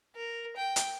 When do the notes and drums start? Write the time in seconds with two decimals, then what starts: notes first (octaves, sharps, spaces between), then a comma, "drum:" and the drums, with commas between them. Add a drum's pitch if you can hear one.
0.16 A#4
0.56 G5
0.76 drum: hi-hat